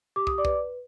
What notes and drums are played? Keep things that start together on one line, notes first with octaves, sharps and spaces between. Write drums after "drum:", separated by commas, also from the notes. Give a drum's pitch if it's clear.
G4 D6
D#6, drum: kick
D5 D6
B4, drum: kick